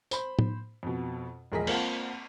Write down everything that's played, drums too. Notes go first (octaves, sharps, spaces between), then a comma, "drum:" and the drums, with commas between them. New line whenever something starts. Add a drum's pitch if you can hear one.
C5 B5, drum: tambourine
drum: tom A2
F2 B2
E1 A#1 G#4 A#4 D#5 B6
A#3 C4 F4 F#5 A5, drum: cymbal